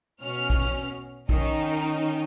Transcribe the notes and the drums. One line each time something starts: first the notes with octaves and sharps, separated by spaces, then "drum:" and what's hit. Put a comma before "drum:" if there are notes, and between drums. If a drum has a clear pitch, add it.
B2 C#4 F6
drum: kick A#1
D#3 C#4 D#4, drum: kick A#1